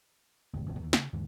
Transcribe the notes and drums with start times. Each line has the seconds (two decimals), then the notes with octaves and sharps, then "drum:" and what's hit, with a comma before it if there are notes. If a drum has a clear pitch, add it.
0.53 D1 G1 D#2
0.66 D1 G#1 C#2
0.79 D#2 D#3 E3
0.93 C#3, drum: snare
1.13 D#2 G#2 D3 E3